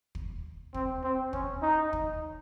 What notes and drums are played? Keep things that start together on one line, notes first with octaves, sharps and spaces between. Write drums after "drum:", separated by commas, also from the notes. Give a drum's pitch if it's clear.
drum: kick
C4, drum: kick
C4
C#4, drum: kick
D#4
drum: kick